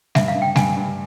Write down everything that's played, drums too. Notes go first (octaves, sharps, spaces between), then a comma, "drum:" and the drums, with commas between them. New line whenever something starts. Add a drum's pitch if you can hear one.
G2 E5, drum: snare G3
F5
G2
G5
G2 G#5, drum: snare G3
G2